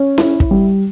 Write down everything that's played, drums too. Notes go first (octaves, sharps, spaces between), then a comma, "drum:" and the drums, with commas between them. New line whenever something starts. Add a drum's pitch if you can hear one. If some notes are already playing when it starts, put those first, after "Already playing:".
Already playing: C#4
E4, drum: snare C#4
drum: kick
G3